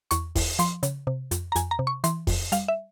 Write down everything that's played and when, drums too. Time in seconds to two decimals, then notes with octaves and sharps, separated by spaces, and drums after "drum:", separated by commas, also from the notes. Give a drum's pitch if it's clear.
0.11 E2 C#6, drum: hi-hat
0.36 E2, drum: kick E1, open hi-hat
0.59 F3 C6, drum: hi-hat
0.83 C#3, drum: hi-hat
1.07 C3
1.31 F2, drum: hi-hat
1.52 A#5
1.56 F2 G#5, drum: hi-hat
1.71 A#5
1.79 C3
1.87 C#6
2.04 E3 C6, drum: hi-hat
2.27 F2, drum: kick E1, open hi-hat
2.52 G3 F5, drum: hi-hat
2.68 E5